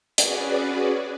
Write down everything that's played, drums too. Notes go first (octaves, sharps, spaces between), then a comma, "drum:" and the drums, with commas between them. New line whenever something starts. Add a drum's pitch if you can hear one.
C#4 F#4 G#4 B4 D5, drum: hi-hat